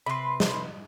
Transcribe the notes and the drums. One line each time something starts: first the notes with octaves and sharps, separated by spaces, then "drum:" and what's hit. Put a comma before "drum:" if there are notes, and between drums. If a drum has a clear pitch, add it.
C3 B4 B5 C6
drum: snare